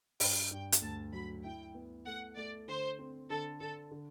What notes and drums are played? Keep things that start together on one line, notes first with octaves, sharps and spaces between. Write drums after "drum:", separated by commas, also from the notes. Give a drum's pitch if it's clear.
G2 G5, drum: open hi-hat
G2 G5
drum: hi-hat
D2 A5
F#3 B5
E4 G5
B3
A3 F#5
A3 D5
D3 C5
C4
D3 A4
D3 A4
D3